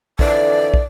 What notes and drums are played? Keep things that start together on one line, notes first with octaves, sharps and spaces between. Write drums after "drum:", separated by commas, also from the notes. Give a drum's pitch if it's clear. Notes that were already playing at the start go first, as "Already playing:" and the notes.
F2 D3 E3 D5, drum: kick
drum: kick